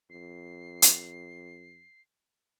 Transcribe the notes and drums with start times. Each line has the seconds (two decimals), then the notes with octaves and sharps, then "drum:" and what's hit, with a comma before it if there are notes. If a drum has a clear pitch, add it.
0.10 F2 C7
0.82 drum: hi-hat